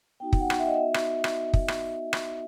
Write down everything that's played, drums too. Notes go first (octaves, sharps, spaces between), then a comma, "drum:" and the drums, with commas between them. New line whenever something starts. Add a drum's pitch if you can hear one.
B3 D#4 F#4 G5
G5, drum: kick
F#5
drum: rim click
E5
D#5
E5
B3 D#4 F#4
drum: rim click
drum: rim click
drum: kick
drum: rim click
drum: rim click